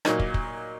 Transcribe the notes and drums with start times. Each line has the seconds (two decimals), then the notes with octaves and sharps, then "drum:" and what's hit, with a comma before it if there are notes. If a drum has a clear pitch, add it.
0.05 A#2 F#3 A#3 D#4, drum: rim click
0.19 drum: kick
0.34 drum: kick